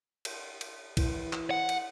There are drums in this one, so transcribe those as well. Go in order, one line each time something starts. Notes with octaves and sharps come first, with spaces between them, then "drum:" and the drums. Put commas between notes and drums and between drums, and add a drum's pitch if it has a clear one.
drum: cymbal
drum: cymbal
E3, drum: kick A#1, cymbal
drum: clap
F#5
drum: cymbal